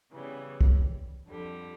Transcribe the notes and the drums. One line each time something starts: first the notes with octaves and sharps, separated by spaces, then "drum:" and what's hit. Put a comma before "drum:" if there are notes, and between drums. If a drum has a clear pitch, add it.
C#3 E3 G3 B3
drum: kick
F2 D3 G3